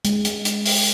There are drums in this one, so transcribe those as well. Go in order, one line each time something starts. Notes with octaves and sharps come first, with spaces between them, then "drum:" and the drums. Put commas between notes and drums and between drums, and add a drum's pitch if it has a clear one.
G#3, drum: hi-hat
drum: hi-hat
drum: hi-hat
drum: open hi-hat